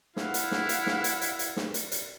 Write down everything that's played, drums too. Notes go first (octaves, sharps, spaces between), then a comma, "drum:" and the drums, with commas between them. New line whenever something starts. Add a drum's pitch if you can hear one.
E4 F5 F#5, drum: snare
drum: hi-hat
drum: snare
drum: hi-hat
drum: snare
drum: hi-hat
drum: hi-hat
drum: hi-hat
drum: snare
drum: hi-hat
drum: hi-hat